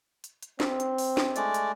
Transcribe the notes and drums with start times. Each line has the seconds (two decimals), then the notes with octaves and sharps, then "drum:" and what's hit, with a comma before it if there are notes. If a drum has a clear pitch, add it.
0.24 drum: hi-hat
0.42 drum: hi-hat
0.60 C4, drum: snare
0.80 drum: hi-hat
0.98 drum: open hi-hat
1.17 drum: snare
1.36 G#3 A3 D5, drum: hi-hat
1.54 drum: hi-hat